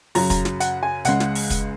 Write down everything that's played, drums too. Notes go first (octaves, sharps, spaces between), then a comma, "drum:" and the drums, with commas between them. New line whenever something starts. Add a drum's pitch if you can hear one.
F#2 C#3 F#3 A#5, drum: open hi-hat
A#5, drum: kick, hi-hat
drum: snare
F#5, drum: hi-hat
G#5
C#2 C#3 G#3 F#5, drum: hi-hat
drum: snare
drum: open hi-hat
drum: kick, hi-hat